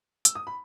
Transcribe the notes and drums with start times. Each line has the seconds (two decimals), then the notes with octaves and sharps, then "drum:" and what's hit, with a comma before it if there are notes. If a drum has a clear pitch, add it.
0.25 E6, drum: hi-hat
0.35 D#6
0.47 B5